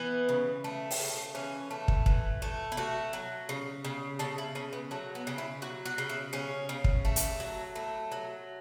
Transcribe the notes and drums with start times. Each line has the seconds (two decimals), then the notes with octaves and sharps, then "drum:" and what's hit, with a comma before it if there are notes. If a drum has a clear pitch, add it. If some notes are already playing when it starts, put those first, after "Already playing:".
Already playing: E3 B3
0.29 C#3
0.64 A3
0.91 drum: open hi-hat
1.00 C#3
1.35 E3 C#4
1.71 A3
1.88 drum: kick
2.06 E3, drum: kick
2.42 A3
2.72 E4
2.77 A3 F#4
3.13 F#3
3.49 C#3
3.85 C#3
4.19 C#3 A4
4.38 E4
4.55 C#3 C#4
4.73 B3
4.91 F#3 A3
5.15 B3
5.27 C#3
5.38 E4
5.62 F#3 F#4
5.85 F#4
5.98 C#3
6.09 E4
6.33 C#3 C#4
6.69 C#3
6.84 drum: kick
7.05 A3
7.16 drum: hi-hat
7.40 F#3
7.75 A3 E4
8.12 F#3